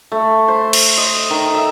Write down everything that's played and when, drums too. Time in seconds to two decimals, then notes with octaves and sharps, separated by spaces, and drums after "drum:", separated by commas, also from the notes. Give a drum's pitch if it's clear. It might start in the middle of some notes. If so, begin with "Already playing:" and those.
0.12 A3
0.48 C5
0.73 drum: cymbal
0.98 D#5
1.30 D#3
1.54 E5